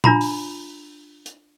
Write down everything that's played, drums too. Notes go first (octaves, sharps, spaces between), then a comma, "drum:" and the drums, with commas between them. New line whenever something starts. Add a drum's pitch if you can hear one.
D4 F4 A#5 B5, drum: tom A#2
drum: open hi-hat
drum: hi-hat